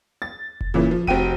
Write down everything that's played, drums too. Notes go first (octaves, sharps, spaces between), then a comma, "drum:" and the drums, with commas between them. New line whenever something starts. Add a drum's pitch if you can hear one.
A6
drum: kick F1
A#2 C#3 E3
F3
F1 C4 F#4 G5 D#7, drum: kick F1